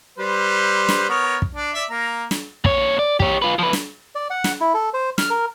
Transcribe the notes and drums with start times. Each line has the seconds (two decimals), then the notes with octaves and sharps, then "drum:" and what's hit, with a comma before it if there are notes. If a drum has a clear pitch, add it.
0.18 G3 B4 C5
0.89 drum: snare
1.09 B3 A#4 C#5
1.42 drum: kick
1.55 D4
1.74 D5 E5
1.90 A#3 A#5
2.31 drum: snare
2.64 A#2 C#5, drum: kick
2.99 D5
3.20 G4 C#5, drum: kick
3.42 F4 B4
3.59 F3 B4
3.73 drum: snare
4.15 D5
4.30 F#5
4.44 drum: snare
4.61 E4
4.74 A4
4.94 C5
5.18 F6, drum: snare
5.30 A#4